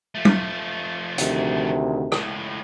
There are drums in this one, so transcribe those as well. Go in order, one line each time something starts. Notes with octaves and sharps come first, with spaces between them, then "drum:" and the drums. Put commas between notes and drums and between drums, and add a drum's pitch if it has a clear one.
F3 A3
drum: tom
D2 C3 D#3, drum: hi-hat
C#2 A2, drum: rim click